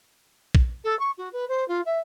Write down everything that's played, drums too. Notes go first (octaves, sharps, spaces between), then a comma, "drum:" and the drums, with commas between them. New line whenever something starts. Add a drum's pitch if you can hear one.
drum: kick
A4
C#6
F#4
B4
C5
F4
E5